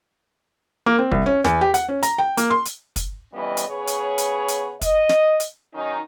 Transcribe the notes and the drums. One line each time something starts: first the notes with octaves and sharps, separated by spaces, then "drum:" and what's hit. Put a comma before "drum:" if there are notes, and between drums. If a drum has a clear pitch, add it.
A#3
C4
C2, drum: kick
C#4
E2, drum: snare
G4
F#5, drum: hi-hat
C#4
A#5, drum: hi-hat
G5
A#3, drum: hi-hat
C6
drum: hi-hat
drum: kick, hi-hat
F2 E3 G3 B3 C#4 D#5
drum: hi-hat
C#3 B3 G#4 B4 C#5
drum: hi-hat
drum: hi-hat
drum: hi-hat
D#5, drum: kick, hi-hat
drum: snare
drum: hi-hat
D#3 F#3 C#4 D#4